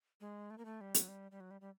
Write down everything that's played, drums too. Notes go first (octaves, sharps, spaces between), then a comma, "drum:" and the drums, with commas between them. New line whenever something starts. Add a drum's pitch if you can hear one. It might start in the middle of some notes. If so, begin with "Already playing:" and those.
G#3
A3
A#3
A3
G3
F#3, drum: hi-hat
G3
G3
F#3
G3
G3